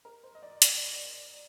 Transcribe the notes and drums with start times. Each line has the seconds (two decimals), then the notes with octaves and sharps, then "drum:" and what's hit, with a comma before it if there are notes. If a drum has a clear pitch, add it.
0.05 A#4
0.23 C5
0.35 D#5
0.43 D5
0.62 D5, drum: hi-hat